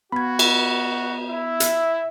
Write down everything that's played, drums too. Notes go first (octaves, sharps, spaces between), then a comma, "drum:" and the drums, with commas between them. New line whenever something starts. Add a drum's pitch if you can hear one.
B3 F#4 B5 G#6
drum: cymbal
E4 E5
drum: hi-hat